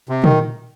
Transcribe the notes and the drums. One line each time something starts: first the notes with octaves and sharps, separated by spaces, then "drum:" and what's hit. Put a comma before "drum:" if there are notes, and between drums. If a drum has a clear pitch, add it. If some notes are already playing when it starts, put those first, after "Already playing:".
C3
D#3, drum: tom